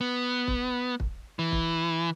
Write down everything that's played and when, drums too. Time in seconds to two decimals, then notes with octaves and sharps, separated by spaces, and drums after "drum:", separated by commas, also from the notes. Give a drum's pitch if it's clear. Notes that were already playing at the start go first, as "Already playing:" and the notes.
0.01 B3
0.47 drum: kick
1.00 drum: kick
1.39 E3
1.52 drum: kick